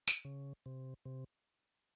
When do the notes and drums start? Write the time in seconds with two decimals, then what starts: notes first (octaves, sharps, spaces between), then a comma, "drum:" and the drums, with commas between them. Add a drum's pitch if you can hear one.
0.08 drum: tambourine
0.25 C#3
0.66 C3
1.05 C3